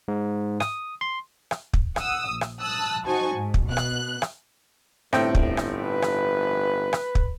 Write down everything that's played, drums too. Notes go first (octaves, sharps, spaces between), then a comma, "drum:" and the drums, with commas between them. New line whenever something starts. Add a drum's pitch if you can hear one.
G#2
D#6, drum: rim click
C6
drum: rim click
drum: kick
F#5 D#6 E6, drum: rim click
A#1
drum: rim click
A5 D#6 E6 F#6
D#4 F#4 C5 G#5 A5 C#6
G#2
drum: kick
B2 F#6
drum: rim click
drum: rim click
G1 A2 C4 G5, drum: rim click
drum: kick
drum: rim click
B4
drum: rim click
drum: rim click
drum: kick